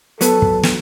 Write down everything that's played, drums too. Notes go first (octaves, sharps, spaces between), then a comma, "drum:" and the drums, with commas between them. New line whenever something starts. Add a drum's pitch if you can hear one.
F#3 B3 A4, drum: hi-hat
drum: kick
drum: snare